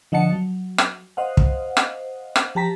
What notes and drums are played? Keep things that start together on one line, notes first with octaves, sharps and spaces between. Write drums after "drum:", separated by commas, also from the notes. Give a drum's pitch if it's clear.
D3 F3 D#5 F#5 A5 C#7
F#3
drum: rim click
C5 D#5 F5 F#5
drum: kick
drum: rim click
drum: rim click
F3 G4 A5 A#5 B6